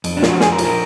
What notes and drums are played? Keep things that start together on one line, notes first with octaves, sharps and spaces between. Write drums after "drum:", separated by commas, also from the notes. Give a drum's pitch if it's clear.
F2, drum: cymbal
D4
F3, drum: snare
F#4
F2 G#4, drum: snare
A#4
F3, drum: cymbal
A#4